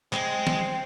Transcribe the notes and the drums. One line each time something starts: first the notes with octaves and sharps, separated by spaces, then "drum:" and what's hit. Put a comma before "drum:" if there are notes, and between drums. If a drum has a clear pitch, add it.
G#3 C4, drum: clap
drum: snare